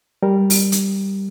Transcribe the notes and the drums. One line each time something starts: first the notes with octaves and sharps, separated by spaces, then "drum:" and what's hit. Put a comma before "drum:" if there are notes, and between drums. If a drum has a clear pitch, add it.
G3 A#4
drum: open hi-hat
drum: hi-hat